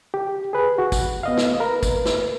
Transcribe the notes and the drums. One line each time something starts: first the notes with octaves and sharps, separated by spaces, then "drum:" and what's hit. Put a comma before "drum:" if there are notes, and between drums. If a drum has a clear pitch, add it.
G4
G#4 B4
F#4
drum: kick, tambourine
B3 D#5 F5
drum: snare
A#4 B4
drum: kick, tambourine
drum: snare